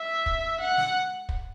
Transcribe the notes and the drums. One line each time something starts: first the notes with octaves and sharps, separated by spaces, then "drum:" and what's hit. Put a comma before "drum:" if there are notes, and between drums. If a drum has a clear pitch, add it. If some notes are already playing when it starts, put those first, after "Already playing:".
Already playing: E5
drum: kick
F#5
drum: snare
drum: kick